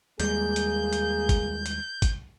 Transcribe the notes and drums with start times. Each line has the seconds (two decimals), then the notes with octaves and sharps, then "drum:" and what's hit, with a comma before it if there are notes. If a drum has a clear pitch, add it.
0.20 D#2 G3 G#3 A#3 G#4 G6, drum: hi-hat
0.56 drum: hi-hat
0.93 drum: hi-hat
1.29 drum: kick, hi-hat
1.66 drum: hi-hat
2.02 drum: kick, hi-hat